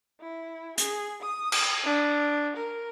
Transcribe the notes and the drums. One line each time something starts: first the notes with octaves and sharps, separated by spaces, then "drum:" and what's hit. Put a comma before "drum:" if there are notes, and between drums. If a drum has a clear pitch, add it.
E4
G#4, drum: hi-hat
D#6
drum: cymbal
D4
A#4